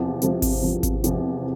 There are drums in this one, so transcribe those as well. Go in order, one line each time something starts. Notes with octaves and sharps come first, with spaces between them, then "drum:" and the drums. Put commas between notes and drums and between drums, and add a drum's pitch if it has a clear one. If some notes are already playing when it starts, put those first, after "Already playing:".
Already playing: E2 C3 F3
E2 C3 F3, drum: hi-hat
drum: kick G#1, open hi-hat
E2 C3 F3
drum: kick G#1, hi-hat
E2 C3 F3, drum: hi-hat